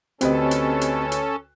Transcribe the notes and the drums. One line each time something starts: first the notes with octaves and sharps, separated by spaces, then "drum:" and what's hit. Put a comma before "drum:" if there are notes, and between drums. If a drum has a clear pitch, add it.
D2 C4 C#4 G4 A4 B4 D#5, drum: hi-hat
drum: hi-hat
drum: hi-hat
drum: hi-hat